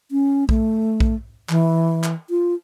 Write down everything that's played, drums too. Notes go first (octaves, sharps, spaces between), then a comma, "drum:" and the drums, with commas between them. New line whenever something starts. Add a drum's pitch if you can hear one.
C#4
A3, drum: kick A#1
drum: kick A#1
E3, drum: clap
drum: clap
F4